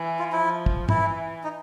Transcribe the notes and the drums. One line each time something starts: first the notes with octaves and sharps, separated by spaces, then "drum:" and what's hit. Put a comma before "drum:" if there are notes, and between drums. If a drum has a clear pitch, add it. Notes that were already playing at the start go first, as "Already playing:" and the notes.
Already playing: E3
F4
F3 E4
drum: kick
E3 E4, drum: tom
D#4